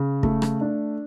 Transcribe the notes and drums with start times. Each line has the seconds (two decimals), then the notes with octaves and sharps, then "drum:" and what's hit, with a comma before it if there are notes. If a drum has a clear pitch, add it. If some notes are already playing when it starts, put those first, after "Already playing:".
Already playing: C#3
0.23 A3, drum: kick
0.42 drum: rim click
0.61 D4